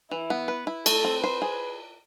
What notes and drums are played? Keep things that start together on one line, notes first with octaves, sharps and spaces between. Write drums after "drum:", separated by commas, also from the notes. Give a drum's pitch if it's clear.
E3 E4
B3
B4
E4
A3 A4, drum: cymbal
C4
B4 C5
G#4